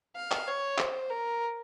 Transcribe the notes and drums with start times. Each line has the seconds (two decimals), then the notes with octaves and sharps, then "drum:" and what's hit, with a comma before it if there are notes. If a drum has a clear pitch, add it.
0.16 F5
0.31 drum: clap
0.47 C#5
0.78 C5, drum: clap
1.10 A#4